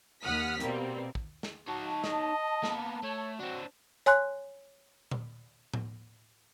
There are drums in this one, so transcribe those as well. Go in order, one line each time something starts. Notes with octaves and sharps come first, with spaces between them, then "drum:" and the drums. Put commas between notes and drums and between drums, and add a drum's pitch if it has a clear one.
D#2 F#5 D#6 F6 B6
B2 G3 A#3 C4, drum: hi-hat
drum: kick
drum: snare
D#4 F#4 C#5 A5
D#5, drum: snare
A#3 B3, drum: snare
A3 C#5
C4 D4 F#4
C#5 G#5 C6 F#6, drum: hi-hat
drum: tom A#2
drum: tom A2